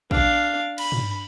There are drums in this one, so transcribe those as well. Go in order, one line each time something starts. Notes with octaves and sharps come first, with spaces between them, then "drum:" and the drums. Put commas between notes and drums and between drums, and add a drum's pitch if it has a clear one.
D4 F5, drum: kick
B5, drum: cymbal
drum: tom